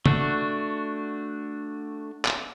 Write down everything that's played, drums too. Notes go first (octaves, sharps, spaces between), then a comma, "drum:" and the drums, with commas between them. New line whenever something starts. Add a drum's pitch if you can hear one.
A3 D4 F#4, drum: tom
drum: clap